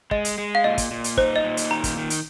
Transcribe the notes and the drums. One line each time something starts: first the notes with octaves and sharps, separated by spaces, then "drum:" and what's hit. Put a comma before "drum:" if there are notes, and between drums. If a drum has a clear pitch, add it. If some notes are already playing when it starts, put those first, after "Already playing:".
G#3 D#5, drum: kick
drum: hi-hat
G#3
F5
A#2 D#5
drum: kick, hi-hat
A#2
drum: hi-hat
D#4 C5, drum: kick
D#5
A#2
drum: hi-hat
D#3 A#5
drum: kick, hi-hat
D#3
drum: hi-hat